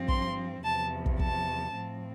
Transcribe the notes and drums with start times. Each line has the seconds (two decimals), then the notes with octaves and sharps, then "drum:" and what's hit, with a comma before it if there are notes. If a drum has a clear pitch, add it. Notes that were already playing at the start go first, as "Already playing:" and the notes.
Already playing: G2 F3 C4
0.08 C6, drum: kick
0.63 E2 C3 F3 A5
1.06 drum: kick
1.19 A5, drum: kick
1.75 A2 F3 C4